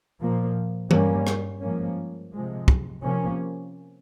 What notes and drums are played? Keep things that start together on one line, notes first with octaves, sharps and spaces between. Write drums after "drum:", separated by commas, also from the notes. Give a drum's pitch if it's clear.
A#2 F3 A#3
G2 G3 A#3 C#4, drum: tom E3
drum: rim click
G#2 F3 A#3 C#4
C3 F3 G#3
drum: kick
C3 F3 A#3 C#4